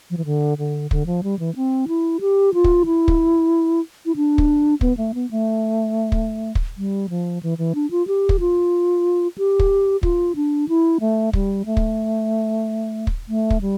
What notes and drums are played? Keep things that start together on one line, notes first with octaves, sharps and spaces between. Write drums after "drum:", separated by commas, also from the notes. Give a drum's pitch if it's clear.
F3
E3
D3
D3
D3, drum: kick
F3
G3
E3
C4
E4
G4
F4
drum: kick
E4
drum: kick
E4
D4
drum: kick
B3, drum: kick
A3
B3
A3
drum: kick
drum: kick
G3
F3
E3
E3
D4
F4
G4
drum: kick
F4
G4
drum: kick
F4, drum: kick
D4
E4
A3
G3, drum: kick
A3
drum: kick
drum: kick
A3
drum: kick
G3